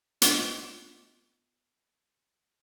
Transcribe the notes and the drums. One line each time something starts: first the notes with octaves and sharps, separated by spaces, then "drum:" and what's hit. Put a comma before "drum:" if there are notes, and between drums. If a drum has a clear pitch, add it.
B3 F4 D#5, drum: hi-hat